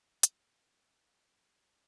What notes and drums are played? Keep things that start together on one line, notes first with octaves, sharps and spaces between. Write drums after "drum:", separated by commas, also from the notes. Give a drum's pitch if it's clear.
F4 E5, drum: hi-hat
B3
A4